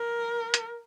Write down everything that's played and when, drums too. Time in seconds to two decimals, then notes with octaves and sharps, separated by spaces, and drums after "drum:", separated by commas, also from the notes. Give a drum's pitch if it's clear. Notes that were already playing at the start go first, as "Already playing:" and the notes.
Already playing: A#4
0.54 drum: hi-hat